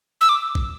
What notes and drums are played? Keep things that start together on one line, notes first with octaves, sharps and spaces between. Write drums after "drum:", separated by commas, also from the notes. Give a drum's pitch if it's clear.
E6
D6
drum: kick A#1